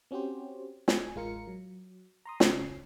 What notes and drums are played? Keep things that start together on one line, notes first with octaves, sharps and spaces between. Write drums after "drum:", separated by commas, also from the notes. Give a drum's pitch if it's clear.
C4 C#4 F#4 G4 C5
G#5, drum: snare
A1 G#3 F4 A#4 C#7
F#3
A#5 C6 D#6
C#3 C#4 C7, drum: snare